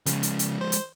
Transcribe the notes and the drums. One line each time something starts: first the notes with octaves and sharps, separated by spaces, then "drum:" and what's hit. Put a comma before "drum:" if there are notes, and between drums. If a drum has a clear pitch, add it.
C#3 F3 G#3, drum: hi-hat
drum: hi-hat
drum: hi-hat
C5
drum: hi-hat